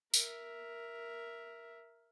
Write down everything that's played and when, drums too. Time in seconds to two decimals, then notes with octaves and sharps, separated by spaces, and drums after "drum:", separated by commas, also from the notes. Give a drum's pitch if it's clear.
0.14 A#4 E5, drum: tambourine